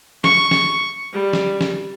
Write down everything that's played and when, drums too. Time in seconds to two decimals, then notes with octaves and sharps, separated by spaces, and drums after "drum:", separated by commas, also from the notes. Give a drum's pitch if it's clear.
0.24 C#6, drum: snare
0.51 drum: snare
1.13 G3
1.33 drum: snare
1.61 drum: snare